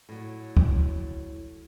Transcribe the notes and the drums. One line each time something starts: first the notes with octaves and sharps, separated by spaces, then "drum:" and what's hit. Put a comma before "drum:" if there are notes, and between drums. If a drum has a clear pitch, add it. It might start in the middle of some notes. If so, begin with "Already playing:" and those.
A2 F#3
drum: kick